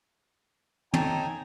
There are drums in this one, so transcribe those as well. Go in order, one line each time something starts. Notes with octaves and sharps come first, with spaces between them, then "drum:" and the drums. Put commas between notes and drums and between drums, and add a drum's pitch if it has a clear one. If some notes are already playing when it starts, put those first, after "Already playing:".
D#4 A4 C#5 G5 G#5 A#5, drum: tom